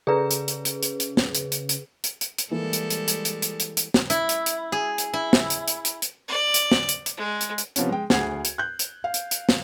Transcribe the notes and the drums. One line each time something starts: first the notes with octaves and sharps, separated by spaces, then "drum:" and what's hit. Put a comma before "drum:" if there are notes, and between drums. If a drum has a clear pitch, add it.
C#3 G#4 A4 B4 D5 A#5
drum: hi-hat
drum: hi-hat
drum: hi-hat
drum: hi-hat
drum: hi-hat
drum: snare
drum: hi-hat
drum: hi-hat
drum: hi-hat
drum: hi-hat
drum: hi-hat
drum: hi-hat
E3 G3 G#3 A#3 E4 A4
drum: hi-hat
drum: hi-hat
drum: hi-hat
drum: hi-hat
drum: hi-hat
drum: hi-hat
drum: hi-hat
drum: snare
E4, drum: hi-hat
drum: hi-hat
drum: hi-hat
G#4
drum: hi-hat
E4
drum: snare
drum: hi-hat
drum: hi-hat
drum: hi-hat
drum: hi-hat
D5
drum: hi-hat
drum: snare
drum: hi-hat
drum: hi-hat
G#3
drum: hi-hat
drum: hi-hat
C3 F3 B3 C#4, drum: hi-hat
G#3 G5
D2 G#4 F#5 G#6 C7, drum: snare
drum: hi-hat
F#6 G6
drum: hi-hat
F5
drum: hi-hat
drum: hi-hat
drum: snare